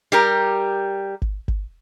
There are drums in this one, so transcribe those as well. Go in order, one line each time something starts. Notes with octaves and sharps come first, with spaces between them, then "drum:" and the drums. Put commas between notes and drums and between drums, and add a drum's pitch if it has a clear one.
G3 G4 A#4
drum: kick G#1
drum: kick G#1